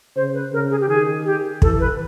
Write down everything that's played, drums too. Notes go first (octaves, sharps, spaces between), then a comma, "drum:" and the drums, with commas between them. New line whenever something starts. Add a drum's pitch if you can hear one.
C#3 C5
B4
C#3 A#4
G#4
G4
D#3 G#4
G4
E3 A4, drum: kick
B4